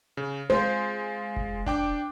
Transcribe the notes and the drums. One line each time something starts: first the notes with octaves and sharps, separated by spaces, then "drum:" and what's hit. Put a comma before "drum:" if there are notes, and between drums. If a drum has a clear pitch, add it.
C#3
G#3 F4 C5
drum: kick F1
D4 G5 D6, drum: kick F1